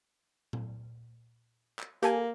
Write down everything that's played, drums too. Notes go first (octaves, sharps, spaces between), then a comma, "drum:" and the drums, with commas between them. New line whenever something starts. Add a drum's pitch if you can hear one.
drum: tom A#2
drum: clap
A#3 G4 A4 G#5, drum: hi-hat